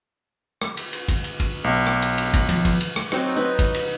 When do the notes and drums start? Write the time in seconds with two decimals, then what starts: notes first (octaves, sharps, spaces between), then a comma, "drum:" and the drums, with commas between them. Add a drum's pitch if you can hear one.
0.62 drum: rim click
0.77 drum: cymbal
0.93 drum: cymbal
1.08 drum: kick, cymbal
1.24 drum: cymbal
1.40 drum: kick, cymbal
1.64 B1
1.87 drum: rim click
2.02 drum: cymbal
2.18 drum: cymbal
2.34 drum: kick, cymbal
2.49 F3, drum: cymbal
2.65 drum: kick, cymbal
2.81 drum: cymbal
2.96 drum: rim click
3.12 F#3 C4 D#4 F#4, drum: rim click
3.36 D#4 B4
3.59 drum: kick, cymbal
3.74 drum: cymbal